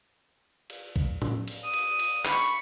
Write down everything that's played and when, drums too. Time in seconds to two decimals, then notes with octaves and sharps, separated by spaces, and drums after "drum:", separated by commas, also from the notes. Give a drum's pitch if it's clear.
0.70 drum: cymbal
0.96 drum: kick B1
1.22 drum: tom A2
1.48 drum: cymbal
1.64 D#6
1.74 drum: cymbal
1.99 drum: cymbal
2.25 B5 C#6, drum: clap